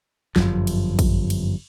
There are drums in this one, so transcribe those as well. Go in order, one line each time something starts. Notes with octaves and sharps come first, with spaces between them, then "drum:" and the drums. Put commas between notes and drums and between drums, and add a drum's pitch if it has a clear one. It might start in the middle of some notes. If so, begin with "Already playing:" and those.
G1 C2 F#2 F3, drum: snare
drum: cymbal
drum: kick, cymbal
drum: cymbal